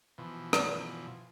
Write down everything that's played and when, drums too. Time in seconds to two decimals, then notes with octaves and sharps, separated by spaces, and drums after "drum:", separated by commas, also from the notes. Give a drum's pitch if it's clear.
0.18 B2 E3 F3
0.53 drum: rim click